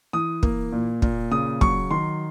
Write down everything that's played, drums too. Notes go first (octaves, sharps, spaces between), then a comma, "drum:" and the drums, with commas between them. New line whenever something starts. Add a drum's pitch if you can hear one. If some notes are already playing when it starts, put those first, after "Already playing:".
E3 D#6
A#3, drum: kick
A#2
A#2, drum: kick
C#3 D#6
F#3 C#6, drum: kick
D#3 C6